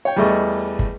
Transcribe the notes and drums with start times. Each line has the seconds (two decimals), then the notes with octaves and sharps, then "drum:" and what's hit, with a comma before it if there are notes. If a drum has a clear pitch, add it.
0.05 C#5 G5
0.17 E2 G3 A3 D#5 C#6
0.79 drum: kick